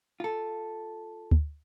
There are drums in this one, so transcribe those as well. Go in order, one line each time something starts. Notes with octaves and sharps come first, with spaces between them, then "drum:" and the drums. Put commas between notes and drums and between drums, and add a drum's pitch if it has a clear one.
F4 A4
drum: kick D2